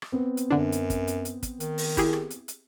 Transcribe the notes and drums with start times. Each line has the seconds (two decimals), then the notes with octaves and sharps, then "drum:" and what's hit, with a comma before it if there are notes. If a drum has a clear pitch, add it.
0.02 drum: rim click
0.12 B3 C4
0.37 drum: hi-hat
0.51 F#2 D3 D4
0.72 drum: hi-hat
0.90 drum: kick, hi-hat
1.07 drum: hi-hat
1.25 drum: hi-hat
1.43 drum: kick, hi-hat
1.60 D#3, drum: hi-hat
1.78 drum: open hi-hat
1.97 E4 G4 G#4, drum: kick, hi-hat
2.13 drum: rim click
2.30 drum: hi-hat
2.48 drum: hi-hat